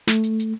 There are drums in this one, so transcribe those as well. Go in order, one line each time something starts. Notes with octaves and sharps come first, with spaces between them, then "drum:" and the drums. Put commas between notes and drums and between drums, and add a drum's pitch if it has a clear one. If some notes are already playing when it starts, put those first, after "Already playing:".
A3, drum: snare
drum: hi-hat
drum: hi-hat